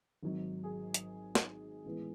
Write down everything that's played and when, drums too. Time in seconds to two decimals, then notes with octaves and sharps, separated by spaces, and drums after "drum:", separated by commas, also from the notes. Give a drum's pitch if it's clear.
0.23 G#1 G#2 F#3
0.64 G#4
0.94 drum: hi-hat
1.35 drum: snare
1.85 A1 A2 G#3 B3